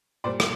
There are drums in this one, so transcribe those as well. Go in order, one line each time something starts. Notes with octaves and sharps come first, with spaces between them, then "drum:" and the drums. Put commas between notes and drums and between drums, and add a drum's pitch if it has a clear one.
A#2 G3 C5 D5
drum: rim click